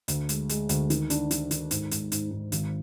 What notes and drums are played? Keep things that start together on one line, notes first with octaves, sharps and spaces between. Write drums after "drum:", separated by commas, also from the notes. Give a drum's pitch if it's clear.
D2, drum: hi-hat
G#3, drum: hi-hat
G#3, drum: hi-hat
D2, drum: hi-hat
D#3, drum: hi-hat
D4, drum: hi-hat
D#3, drum: hi-hat
D#3, drum: hi-hat
G#2, drum: hi-hat
G#2, drum: hi-hat
G#2, drum: hi-hat
G#2
G#1, drum: hi-hat